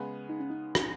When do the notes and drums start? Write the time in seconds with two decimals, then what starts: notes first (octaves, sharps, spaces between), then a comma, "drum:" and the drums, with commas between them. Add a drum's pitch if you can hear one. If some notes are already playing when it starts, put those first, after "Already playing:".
Already playing: C#3 G#3 B3
0.29 D#4
0.40 C#4
0.50 D#4
0.75 drum: rim click